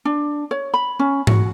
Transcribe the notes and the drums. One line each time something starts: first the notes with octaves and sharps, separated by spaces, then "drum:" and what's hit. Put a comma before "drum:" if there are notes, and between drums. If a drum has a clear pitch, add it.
D4
C#5
B5
C#4
F#4, drum: tom G#2